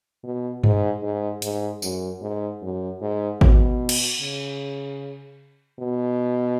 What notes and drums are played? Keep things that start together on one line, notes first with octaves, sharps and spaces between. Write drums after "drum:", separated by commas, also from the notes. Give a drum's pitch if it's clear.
B2
G#2, drum: tom G2
G#2
G#2, drum: hi-hat
F#2, drum: tambourine
G#2
F#2
G#2
B2, drum: kick G#1
drum: cymbal
C#3
B2